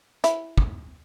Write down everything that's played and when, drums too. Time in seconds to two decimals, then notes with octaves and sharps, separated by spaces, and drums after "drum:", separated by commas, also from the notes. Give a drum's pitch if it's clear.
0.24 E4, drum: hi-hat
0.58 drum: kick